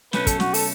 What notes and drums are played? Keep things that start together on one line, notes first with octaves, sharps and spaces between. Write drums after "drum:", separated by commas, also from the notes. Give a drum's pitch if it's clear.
B2 F#3 A3 C#4 B4, drum: snare
A4, drum: kick, hi-hat
F#4, drum: snare
A4, drum: open hi-hat